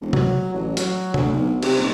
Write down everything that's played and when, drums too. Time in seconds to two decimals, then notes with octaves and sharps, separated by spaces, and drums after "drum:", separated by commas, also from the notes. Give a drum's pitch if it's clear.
0.01 E1
0.13 F#3, drum: tom
0.54 A1
0.77 F#3, drum: hi-hat
1.14 D2, drum: tom
1.32 B1
1.63 C3, drum: cymbal
1.78 D#1